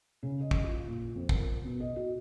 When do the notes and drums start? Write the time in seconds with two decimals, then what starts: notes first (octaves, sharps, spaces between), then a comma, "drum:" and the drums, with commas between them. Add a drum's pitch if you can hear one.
0.23 C#3
0.41 D#5
0.51 drum: kick
0.64 F4
0.88 A#2
1.16 F2
1.29 A#4, drum: kick
1.65 B2
1.80 D#5
1.96 F#4